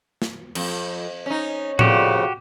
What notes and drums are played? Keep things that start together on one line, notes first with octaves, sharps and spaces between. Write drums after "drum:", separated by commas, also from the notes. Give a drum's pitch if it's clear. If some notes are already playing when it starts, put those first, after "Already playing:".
drum: snare
F2, drum: cymbal
C#4 D#4
F2 A#2 C#3 F#4 G4, drum: tom A2